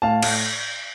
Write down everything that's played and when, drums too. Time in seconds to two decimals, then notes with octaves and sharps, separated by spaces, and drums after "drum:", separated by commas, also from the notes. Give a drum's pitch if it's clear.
0.02 A2 F5 A5
0.23 A2, drum: cymbal